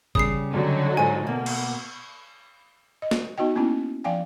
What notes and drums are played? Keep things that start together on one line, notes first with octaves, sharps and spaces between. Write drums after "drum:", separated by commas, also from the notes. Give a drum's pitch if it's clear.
C#3 G3 D#6 C7, drum: kick
D3 F#3 D#4
G#2 A4 D#5 G#5
B2 A#3
drum: cymbal
D#5
drum: snare
B3 D#4 F#4 D#5 G5
A#3 B3 C#4 E4
F3 D5 F5 G5 G#5